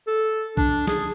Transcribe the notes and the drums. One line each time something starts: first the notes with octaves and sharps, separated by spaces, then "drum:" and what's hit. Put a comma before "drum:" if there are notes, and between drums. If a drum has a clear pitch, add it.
A4
D4, drum: kick
G#4, drum: snare